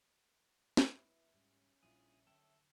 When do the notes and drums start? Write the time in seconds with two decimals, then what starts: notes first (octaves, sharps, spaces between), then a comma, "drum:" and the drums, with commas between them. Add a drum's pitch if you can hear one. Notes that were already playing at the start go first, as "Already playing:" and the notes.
0.77 drum: snare
0.94 F#2 B3 E4
1.34 G#2 G3 C#4
1.83 A#1 A#2 G3 D4 E4 F4 G#4
2.27 D3 F#3 A4 C#5 E5 G5